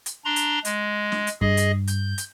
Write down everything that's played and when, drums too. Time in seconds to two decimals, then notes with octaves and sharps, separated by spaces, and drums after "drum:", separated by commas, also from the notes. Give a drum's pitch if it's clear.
0.06 drum: hi-hat
0.25 D4 A#5 C6
0.36 drum: hi-hat
0.65 G#3, drum: hi-hat
1.12 drum: snare
1.27 drum: hi-hat
1.41 G2 G#4 D#5, drum: kick
1.57 drum: hi-hat
1.87 G6, drum: hi-hat
2.18 drum: hi-hat